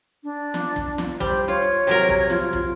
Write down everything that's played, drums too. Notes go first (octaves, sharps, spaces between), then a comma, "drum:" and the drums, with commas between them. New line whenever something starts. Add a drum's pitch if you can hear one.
D4
drum: snare
drum: kick
drum: snare
G3 C5, drum: kick
F4 C#5
C3 F#3 A#4
drum: kick
F4, drum: snare
drum: kick